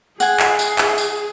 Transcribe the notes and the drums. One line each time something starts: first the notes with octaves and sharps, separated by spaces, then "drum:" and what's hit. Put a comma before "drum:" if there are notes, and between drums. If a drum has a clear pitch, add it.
G#4 F#5 G#5, drum: tambourine
drum: clap
drum: tambourine
drum: clap
drum: tambourine